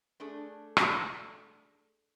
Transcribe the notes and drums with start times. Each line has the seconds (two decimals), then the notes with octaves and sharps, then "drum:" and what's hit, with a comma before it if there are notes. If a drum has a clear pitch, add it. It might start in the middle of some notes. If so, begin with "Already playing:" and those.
0.20 A3 D4 G#4 A4
0.77 drum: rim click